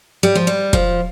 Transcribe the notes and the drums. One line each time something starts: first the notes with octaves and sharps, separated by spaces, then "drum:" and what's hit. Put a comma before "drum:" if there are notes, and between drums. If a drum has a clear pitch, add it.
G3
F3
G3
F3, drum: kick